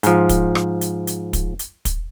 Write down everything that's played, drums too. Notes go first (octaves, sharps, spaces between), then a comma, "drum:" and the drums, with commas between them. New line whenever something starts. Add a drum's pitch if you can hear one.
G#2 F3, drum: hi-hat
drum: kick, hi-hat
drum: rim click
drum: hi-hat
drum: hi-hat
drum: kick, hi-hat
drum: hi-hat
drum: kick, hi-hat